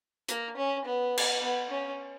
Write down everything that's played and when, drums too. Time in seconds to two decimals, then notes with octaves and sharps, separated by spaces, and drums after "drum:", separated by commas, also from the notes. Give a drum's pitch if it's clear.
0.28 A#3, drum: hi-hat
0.57 C#4
0.85 B3
1.17 drum: cymbal
1.42 B3
1.70 C#4